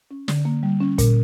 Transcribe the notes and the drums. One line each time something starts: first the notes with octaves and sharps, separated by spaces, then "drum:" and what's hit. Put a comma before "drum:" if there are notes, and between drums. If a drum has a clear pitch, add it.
C#4
D3, drum: snare
A#3
G3
C#4
A#2, drum: kick, hi-hat